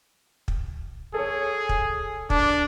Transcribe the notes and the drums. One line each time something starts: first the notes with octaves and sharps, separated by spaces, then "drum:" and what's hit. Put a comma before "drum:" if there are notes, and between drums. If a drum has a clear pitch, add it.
drum: kick
G#4 A4 C#5
drum: kick
D4, drum: kick